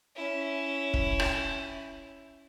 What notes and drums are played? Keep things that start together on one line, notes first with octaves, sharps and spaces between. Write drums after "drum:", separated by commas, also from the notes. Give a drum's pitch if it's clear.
C#4 E4
drum: kick
drum: rim click